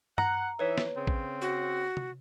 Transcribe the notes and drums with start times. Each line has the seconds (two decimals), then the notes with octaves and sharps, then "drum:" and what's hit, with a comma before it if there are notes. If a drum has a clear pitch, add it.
0.18 F#5 A#5, drum: tom G2
0.59 E3 D#4 B4 C#5 E5
0.78 drum: snare
0.97 C#3 C4
1.07 drum: kick
1.41 F#4
1.97 drum: tom